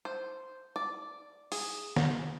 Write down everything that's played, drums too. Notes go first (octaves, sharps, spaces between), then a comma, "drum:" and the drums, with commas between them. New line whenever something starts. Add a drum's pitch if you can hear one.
C5
D5
G#4, drum: open hi-hat
drum: snare